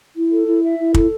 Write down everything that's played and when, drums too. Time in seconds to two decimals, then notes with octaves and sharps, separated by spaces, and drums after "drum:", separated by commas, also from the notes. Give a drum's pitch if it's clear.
0.15 E4
0.31 A4
0.47 E4
0.63 E5
0.79 E4
0.94 A4, drum: kick